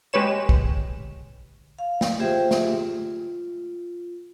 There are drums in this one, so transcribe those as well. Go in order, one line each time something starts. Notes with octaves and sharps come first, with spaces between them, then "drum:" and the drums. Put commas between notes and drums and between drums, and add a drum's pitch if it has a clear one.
G#3 G4 B4 C#5 E7
drum: kick
F5
drum: snare
F4 G4 G#4 C5 E5 G5
F4, drum: snare